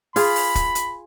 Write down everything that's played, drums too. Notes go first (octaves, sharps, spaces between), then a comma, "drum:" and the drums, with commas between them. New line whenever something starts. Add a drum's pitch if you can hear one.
F4 G#4 B5, drum: open hi-hat
drum: open hi-hat
drum: kick, hi-hat
drum: hi-hat